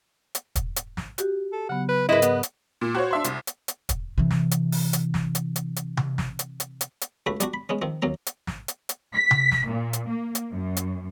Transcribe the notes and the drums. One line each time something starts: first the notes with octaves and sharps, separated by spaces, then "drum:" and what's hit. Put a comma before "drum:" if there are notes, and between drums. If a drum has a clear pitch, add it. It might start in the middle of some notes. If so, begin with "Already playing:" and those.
drum: hi-hat
drum: kick, hi-hat
drum: hi-hat
drum: snare
F#4 G4, drum: hi-hat
A4
C#3 F#3 B3 F#5
B4
G#2 E4 G#4 A#4 B4 D#5
B3, drum: hi-hat
drum: hi-hat
A#2
F#4 C5 C#5
D4 E5 C6
C2, drum: hi-hat
drum: hi-hat
drum: hi-hat
drum: kick, hi-hat
C3 E3
drum: snare
drum: hi-hat
drum: open hi-hat
drum: hi-hat
drum: snare
drum: hi-hat
drum: hi-hat
drum: hi-hat
drum: tom C3
drum: snare
drum: hi-hat
drum: hi-hat
drum: hi-hat
drum: hi-hat
C#2 A3 F#4 B5
G3 D4 F#4, drum: hi-hat
B5
G#3 B3 C#4
D#3 F3 C4
D#2 F#3 A#3 A#5
drum: hi-hat
drum: snare
drum: hi-hat
drum: hi-hat
B6
drum: tom C3
drum: snare
A#2
drum: hi-hat
A#3
drum: hi-hat
F#2
drum: hi-hat